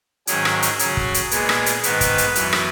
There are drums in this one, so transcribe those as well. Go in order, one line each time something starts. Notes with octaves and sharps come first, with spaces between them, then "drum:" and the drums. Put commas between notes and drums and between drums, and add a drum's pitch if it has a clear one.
G#2 D#3 F#3 C#4 G#4, drum: hi-hat
drum: rim click
drum: hi-hat
C#3 F#3 C#4 G#4, drum: hi-hat
drum: kick
drum: hi-hat
A#2 G#3 B3 G#4, drum: hi-hat
drum: rim click
drum: hi-hat
G#2 D#3 G#3 B3 B4, drum: hi-hat
drum: kick, hi-hat
drum: hi-hat
F#2 E3 B3, drum: hi-hat
drum: rim click